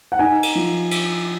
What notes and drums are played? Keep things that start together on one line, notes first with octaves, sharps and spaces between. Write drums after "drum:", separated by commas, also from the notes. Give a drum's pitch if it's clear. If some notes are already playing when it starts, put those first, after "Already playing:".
F#5
D#4 G#5
drum: cymbal
F3
drum: cymbal